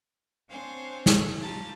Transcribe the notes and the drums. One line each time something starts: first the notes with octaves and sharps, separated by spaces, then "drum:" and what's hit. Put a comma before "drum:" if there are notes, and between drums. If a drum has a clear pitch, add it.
C4 D4 C5 C#5 F5 G#5
drum: snare
C#3 F4 G4 A5 A#5